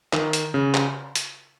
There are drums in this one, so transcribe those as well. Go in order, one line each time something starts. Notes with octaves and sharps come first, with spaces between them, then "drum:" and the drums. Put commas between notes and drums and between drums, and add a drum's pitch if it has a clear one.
D#3, drum: clap
drum: hi-hat
C#3
drum: clap
drum: hi-hat